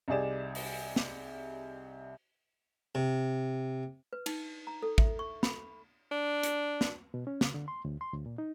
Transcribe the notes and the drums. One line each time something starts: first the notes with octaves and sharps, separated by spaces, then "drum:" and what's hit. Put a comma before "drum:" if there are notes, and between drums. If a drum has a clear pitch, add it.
C2 D#4 G4 G#4 D5 E7
drum: open hi-hat
drum: snare
C3
B4
D#4, drum: cymbal
A#5
A4
E5, drum: kick
C#6
B5, drum: snare
D4
drum: hi-hat
drum: snare
B2
C#4
C#3, drum: snare
D3
C6
D2
C6
D2
A#2
D#4